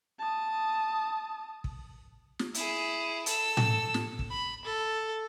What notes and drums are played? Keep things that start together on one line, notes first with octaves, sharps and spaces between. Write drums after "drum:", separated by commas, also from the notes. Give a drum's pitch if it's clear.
A5 D#6
drum: kick
drum: snare
E4 G#4, drum: hi-hat
A4 E6, drum: hi-hat
drum: tom A2
drum: snare
drum: kick
B5
A4